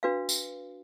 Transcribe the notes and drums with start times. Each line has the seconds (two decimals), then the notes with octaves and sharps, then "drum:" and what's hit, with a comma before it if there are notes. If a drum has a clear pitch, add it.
0.03 D4 F#4 B4 F5
0.29 drum: tambourine